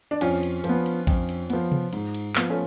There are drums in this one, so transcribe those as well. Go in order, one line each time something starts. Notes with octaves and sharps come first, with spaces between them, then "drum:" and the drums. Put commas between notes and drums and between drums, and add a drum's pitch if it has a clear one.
D4
F2 C#4 F4, drum: cymbal
drum: cymbal
F3, drum: cymbal
B3
drum: cymbal
F2, drum: kick A#1, cymbal
drum: cymbal
F3 B3, drum: cymbal
drum: tom C3
G#2, drum: cymbal
drum: cymbal
F3 B3 F4, drum: clap
A3 C#4